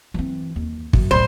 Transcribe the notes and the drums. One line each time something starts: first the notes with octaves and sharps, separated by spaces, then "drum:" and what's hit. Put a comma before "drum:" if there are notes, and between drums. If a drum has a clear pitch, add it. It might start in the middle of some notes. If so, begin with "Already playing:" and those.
E3 C4
D#2
F#2, drum: kick
C#2 A2 C5